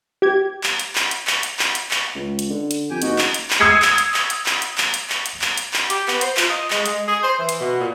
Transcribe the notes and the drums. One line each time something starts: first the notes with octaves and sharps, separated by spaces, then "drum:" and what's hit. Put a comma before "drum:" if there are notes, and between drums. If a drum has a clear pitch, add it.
G4 G#6
drum: clap
drum: hi-hat
drum: clap
drum: hi-hat
drum: clap
drum: hi-hat
drum: clap
drum: hi-hat
drum: clap
C#2
drum: hi-hat
D3
drum: hi-hat
F2 G4 G5 G#5
F#1 D#4 F#4, drum: hi-hat
drum: clap
drum: hi-hat
drum: clap
D#6 E6 G#6 C7 C#7
drum: clap
drum: hi-hat
drum: clap
drum: hi-hat
drum: clap
drum: hi-hat
drum: clap
drum: hi-hat
drum: clap
drum: hi-hat
drum: clap
drum: hi-hat
drum: clap
G4, drum: hi-hat
B3, drum: clap
C5, drum: hi-hat
F4, drum: clap
D#5
G#3, drum: clap
G#3, drum: hi-hat
G#4
C5
E3
drum: hi-hat
B2
A#2